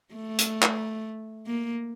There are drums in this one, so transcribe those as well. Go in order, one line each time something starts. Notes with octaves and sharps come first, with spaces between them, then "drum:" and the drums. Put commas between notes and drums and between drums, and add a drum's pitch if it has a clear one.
A3
drum: hi-hat
drum: clap
A#3